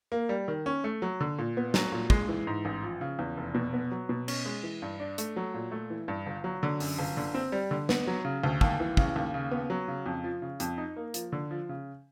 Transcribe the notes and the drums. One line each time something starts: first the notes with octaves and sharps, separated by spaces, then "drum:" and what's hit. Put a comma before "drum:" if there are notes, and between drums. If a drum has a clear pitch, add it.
A#3
G3
D#3
C#4
A3
F#3
D3
A#2
B3
F#3, drum: snare
A#2
G#3, drum: kick
E3
G#2
A1
F3
C#3
E2
F1
B2
B3
F#3
B2
C#4, drum: cymbal
G#3
E3
G2
D4
A3, drum: hi-hat
F#3
A#2
A3
E3
G2
G1
F#3
D3
F#2, drum: open hi-hat
G1
D3
C4
G3
D3
B3, drum: snare
F#3
C#3
D2
D#2, drum: kick
E3
C#3, drum: kick
D#2
C#3
B3
F#3
C#3
F2
F3
C#3
F2, drum: hi-hat
D#4
A#3
F3, drum: hi-hat
D3
F3
C#3